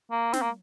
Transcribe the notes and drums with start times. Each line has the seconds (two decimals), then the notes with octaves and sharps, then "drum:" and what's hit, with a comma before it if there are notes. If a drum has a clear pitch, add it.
0.11 A#3
0.33 C4, drum: snare
0.42 A#3